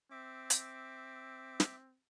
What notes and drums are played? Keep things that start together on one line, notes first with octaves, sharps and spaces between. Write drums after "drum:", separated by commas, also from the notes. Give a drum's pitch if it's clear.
C4 E5 D6
drum: hi-hat
drum: snare